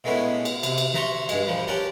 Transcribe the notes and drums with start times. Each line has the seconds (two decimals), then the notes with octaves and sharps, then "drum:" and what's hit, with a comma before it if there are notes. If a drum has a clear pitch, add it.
0.04 A#2 G#3 A3 B3 C#4 E4
0.45 drum: cymbal
0.63 C3, drum: cymbal
0.78 drum: cymbal
0.94 E5 A#5 C6 C#6, drum: snare
1.29 G2 G#3, drum: cymbal
1.47 A#2 F3 G3
1.68 C#4 G4 A#4 F#5 A5